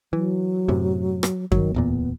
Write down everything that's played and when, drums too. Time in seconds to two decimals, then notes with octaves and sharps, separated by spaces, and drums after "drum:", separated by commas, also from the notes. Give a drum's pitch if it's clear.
0.13 E3 F#3
0.68 F#2 A2 C3
1.23 drum: rim click
1.52 D#3 F#3, drum: kick F#2
1.74 D1 E2 A#2 B3